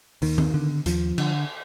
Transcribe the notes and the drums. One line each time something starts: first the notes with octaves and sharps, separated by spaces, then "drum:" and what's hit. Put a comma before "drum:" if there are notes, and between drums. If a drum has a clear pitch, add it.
D#2 D#3, drum: open hi-hat
drum: tom D#3
D3
D#2 F3, drum: hi-hat
D3, drum: cymbal